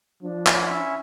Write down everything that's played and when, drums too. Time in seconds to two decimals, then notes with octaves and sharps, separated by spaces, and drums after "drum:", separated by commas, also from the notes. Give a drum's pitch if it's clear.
0.22 F3 D4
0.47 drum: clap
0.66 C#4 E4 E5